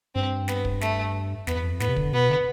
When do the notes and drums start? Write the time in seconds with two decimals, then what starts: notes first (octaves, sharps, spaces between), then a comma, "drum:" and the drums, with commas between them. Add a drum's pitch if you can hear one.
0.15 G2 C4
0.48 B3, drum: snare
0.65 drum: kick
0.81 A3, drum: snare
1.47 E2 B3, drum: snare
1.64 F2
1.80 A2 B3, drum: snare
1.89 C3
1.96 D3, drum: kick
2.13 B2 B3
2.30 D3